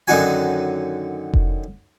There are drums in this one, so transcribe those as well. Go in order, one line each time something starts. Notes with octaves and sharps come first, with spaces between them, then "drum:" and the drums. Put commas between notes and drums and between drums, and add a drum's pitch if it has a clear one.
F#2 D3 D#3 D#4 F#4 G#5
drum: kick F1